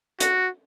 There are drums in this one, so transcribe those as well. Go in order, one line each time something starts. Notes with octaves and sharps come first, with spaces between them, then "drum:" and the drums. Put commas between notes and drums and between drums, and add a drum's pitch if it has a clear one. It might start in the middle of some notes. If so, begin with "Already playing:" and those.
F#4, drum: hi-hat